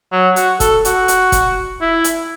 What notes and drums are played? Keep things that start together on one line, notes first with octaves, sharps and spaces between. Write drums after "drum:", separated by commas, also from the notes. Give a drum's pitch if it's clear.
F#3
F#4, drum: hi-hat
A4, drum: kick, hi-hat
F#4, drum: hi-hat
drum: hi-hat
drum: kick, hi-hat
E4
drum: hi-hat